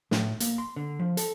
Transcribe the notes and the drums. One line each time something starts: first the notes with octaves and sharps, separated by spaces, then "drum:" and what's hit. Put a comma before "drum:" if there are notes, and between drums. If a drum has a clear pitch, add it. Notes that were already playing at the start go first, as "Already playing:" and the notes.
A2, drum: snare
A#3, drum: hi-hat
C6
D3
F3
A4, drum: hi-hat